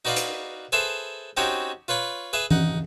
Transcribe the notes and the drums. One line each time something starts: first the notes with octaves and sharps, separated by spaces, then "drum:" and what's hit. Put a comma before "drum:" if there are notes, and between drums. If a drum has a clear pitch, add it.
D#4 F#4 B4 D5 F5 C6
drum: hi-hat
G#4 A4 B4 C5 E5
C4 C#4 D#4 F#4 G4 C#5
F4 B4 C#5 B5
G#4 B4 E5
D#4 F#5, drum: tom E3